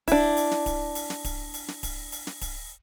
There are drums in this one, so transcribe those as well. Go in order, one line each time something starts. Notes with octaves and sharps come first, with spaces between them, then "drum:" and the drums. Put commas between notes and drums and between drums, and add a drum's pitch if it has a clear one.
D4 E4, drum: kick D1, open hi-hat
drum: open hi-hat
drum: snare
drum: kick D1, open hi-hat
drum: open hi-hat
drum: snare
drum: kick D1, open hi-hat
drum: open hi-hat
drum: snare
drum: kick D1, open hi-hat
drum: open hi-hat
drum: snare
drum: kick D1, open hi-hat